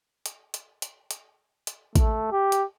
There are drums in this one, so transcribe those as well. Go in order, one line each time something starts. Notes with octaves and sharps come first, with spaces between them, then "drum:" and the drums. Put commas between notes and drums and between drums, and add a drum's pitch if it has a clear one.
drum: hi-hat
drum: hi-hat
drum: hi-hat
drum: hi-hat
drum: hi-hat
A3, drum: kick A1, hi-hat
G4
drum: hi-hat